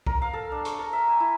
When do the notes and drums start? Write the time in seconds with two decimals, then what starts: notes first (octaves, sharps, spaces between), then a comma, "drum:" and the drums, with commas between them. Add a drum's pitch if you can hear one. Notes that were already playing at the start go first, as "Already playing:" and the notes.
0.07 A#4, drum: kick C2
0.22 F5
0.33 A4
0.52 D4
0.65 C#6, drum: hi-hat
0.79 A#4
0.93 E5
1.08 G#5
1.20 E4